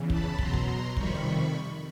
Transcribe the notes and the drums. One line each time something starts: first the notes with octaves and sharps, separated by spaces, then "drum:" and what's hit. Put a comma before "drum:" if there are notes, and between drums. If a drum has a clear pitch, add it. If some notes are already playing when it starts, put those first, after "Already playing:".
Already playing: E2 C#3 E3
A5 B5, drum: kick
B2 F#3 A#5 C6, drum: kick
drum: kick
F2 C3 D#3 G3 B5 C#6, drum: kick